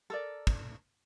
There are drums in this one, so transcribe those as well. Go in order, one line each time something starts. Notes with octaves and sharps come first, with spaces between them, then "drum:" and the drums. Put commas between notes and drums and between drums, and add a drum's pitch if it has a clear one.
A4 A#4 D5
drum: kick